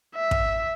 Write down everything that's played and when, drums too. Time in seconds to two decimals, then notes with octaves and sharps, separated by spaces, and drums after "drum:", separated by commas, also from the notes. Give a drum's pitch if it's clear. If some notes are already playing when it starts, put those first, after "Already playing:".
0.15 E5
0.31 drum: kick